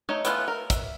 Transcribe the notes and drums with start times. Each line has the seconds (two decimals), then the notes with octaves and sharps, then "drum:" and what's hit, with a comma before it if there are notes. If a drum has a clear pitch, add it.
0.09 A3 D#4 C#5
0.25 E3 A3 B3 F4, drum: hi-hat
0.48 A#4
0.70 E5, drum: kick, hi-hat